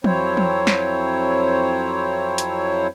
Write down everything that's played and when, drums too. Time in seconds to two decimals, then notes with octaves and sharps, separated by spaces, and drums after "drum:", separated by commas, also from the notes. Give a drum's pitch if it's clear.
0.04 F2 F#3 C4 E4 C5 C#5, drum: tom E3
0.37 drum: tom E3
0.67 drum: snare
2.38 drum: hi-hat